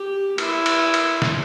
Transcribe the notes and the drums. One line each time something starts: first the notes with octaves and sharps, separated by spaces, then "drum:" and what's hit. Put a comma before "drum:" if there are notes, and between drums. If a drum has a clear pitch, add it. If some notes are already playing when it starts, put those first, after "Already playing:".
Already playing: G4
E4, drum: cymbal
drum: cymbal
drum: cymbal
drum: snare